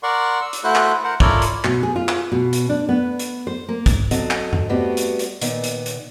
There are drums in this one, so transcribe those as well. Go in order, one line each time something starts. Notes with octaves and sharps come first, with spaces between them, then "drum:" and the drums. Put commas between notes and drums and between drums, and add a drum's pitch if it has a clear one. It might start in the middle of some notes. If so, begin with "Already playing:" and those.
A#4 D5 F#5 C6 C#6
E6
drum: hi-hat
A3 E4 F#4 A4 C5 F#6
drum: clap
A#4 C5 F#5
E4 F4 A4 A#4 C#5 D5, drum: kick
drum: hi-hat
B2, drum: clap
G#4
F4
drum: clap
B2
drum: hi-hat
D4
B3
drum: hi-hat
C5
A#3
drum: kick, hi-hat
F#3 C4 D4 A4 D#5, drum: hi-hat
drum: clap
drum: tom F2
G3 A3 B3 C4 F#4 G4
drum: hi-hat
drum: hi-hat
A#2 D#3 B3, drum: hi-hat
drum: hi-hat
drum: hi-hat